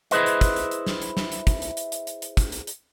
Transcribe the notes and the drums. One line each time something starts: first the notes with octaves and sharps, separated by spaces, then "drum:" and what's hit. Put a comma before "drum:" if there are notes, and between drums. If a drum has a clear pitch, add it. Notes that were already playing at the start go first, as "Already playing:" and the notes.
E4 G#4 B4 C5 D#5, drum: hi-hat
drum: hi-hat
drum: kick, hi-hat
drum: hi-hat
drum: hi-hat
drum: snare
drum: hi-hat
drum: snare
drum: hi-hat
drum: kick, hi-hat
drum: hi-hat
drum: hi-hat
drum: hi-hat
drum: hi-hat
drum: hi-hat
drum: kick, hi-hat
drum: hi-hat
drum: hi-hat